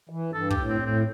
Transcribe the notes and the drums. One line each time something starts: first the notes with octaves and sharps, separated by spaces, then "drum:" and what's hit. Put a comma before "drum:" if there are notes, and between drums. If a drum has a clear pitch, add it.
E3
G2 A4
G4, drum: kick
A2
C4
A2 C4